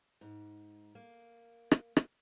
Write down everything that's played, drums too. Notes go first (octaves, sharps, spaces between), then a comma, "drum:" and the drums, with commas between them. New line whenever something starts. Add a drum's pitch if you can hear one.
G#2
A#3
drum: rim click
drum: rim click